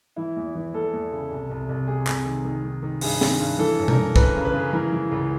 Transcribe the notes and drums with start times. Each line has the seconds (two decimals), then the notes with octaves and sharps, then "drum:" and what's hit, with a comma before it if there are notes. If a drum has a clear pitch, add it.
0.16 E3 E4
0.36 E2
0.55 E3
0.74 E2 A4
0.93 E2
1.12 C#3
1.31 C2
1.50 C2
1.69 C2
1.87 C3 G#4
2.07 C2, drum: clap
2.26 D#3
2.45 D#3
2.64 D#3
2.83 D#3
3.01 G2 G#4, drum: open hi-hat
3.21 D#3, drum: snare
3.40 G2
3.58 E3 A4
3.78 F#2
3.88 A#4, drum: tom B2
3.97 E3
4.16 F#2 B4, drum: kick
4.36 C#3
4.45 B4
4.53 C#3
4.73 E3 A#4
4.92 E3
5.12 C#2